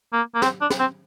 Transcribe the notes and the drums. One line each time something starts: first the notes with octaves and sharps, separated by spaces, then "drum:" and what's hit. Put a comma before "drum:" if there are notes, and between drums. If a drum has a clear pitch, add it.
A#3
A#3
C4, drum: snare
D4
drum: snare
C4